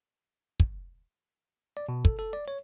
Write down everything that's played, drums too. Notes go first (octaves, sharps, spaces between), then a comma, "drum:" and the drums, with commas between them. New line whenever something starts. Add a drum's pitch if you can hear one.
drum: kick
D5
B2
A4, drum: kick
A4
D5
C#5